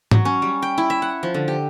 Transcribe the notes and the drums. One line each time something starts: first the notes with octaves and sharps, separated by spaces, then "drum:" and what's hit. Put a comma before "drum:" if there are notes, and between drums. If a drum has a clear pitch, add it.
F#3, drum: tom G#2
C#4
G3
G5
E4
E5
F#5
F3
D3
G4